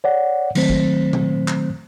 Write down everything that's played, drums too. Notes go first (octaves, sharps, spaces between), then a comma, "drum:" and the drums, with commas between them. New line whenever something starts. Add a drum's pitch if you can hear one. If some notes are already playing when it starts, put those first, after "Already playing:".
C#5 D5 F#5
D#3 F#3 A3 C4 C5 B6, drum: cymbal
drum: kick
drum: tom A#2
drum: clap